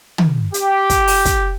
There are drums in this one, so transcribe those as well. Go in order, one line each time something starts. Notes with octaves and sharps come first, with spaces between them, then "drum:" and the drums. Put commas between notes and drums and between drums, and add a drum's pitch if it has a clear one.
drum: tom
G4, drum: hi-hat
drum: kick, hi-hat
drum: open hi-hat
drum: kick, hi-hat